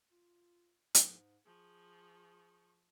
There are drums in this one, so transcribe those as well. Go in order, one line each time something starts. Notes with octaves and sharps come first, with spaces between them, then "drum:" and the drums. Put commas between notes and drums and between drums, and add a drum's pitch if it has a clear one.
F4
G#2, drum: hi-hat
F3 G#4 C#6